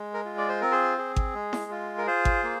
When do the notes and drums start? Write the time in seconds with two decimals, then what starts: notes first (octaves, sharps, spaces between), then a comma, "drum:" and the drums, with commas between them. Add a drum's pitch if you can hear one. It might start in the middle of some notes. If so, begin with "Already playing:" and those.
Already playing: G#3
0.14 A#4
0.25 F4
0.38 D5
0.49 C5
0.61 C4 A#4
0.72 G#4 C5
0.98 G#4
1.16 drum: kick G#1
1.34 G#3
1.53 drum: snare E4
1.71 F4
1.98 A#4
2.07 F4 G#4 C5
2.25 drum: kick G#1
2.43 A#3